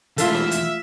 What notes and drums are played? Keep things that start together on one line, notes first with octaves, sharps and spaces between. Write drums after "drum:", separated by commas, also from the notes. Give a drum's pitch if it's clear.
E3 G#3 A3 F4 A4 E5, drum: hi-hat
drum: snare
drum: hi-hat